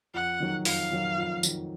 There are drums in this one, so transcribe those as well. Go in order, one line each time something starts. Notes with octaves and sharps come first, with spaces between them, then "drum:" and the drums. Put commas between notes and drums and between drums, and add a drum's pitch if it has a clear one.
F2 F#5
D#3 F#3
F2 F5, drum: open hi-hat
D#3 F#3
F2
D#3 F#3, drum: tambourine